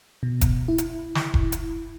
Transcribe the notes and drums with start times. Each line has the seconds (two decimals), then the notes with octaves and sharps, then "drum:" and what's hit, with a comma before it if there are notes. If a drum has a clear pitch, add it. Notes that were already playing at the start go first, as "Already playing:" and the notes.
0.23 B2
0.41 drum: kick E1, hi-hat
0.68 E4
0.78 drum: hi-hat
1.15 drum: snare
1.34 drum: kick E1
1.52 drum: hi-hat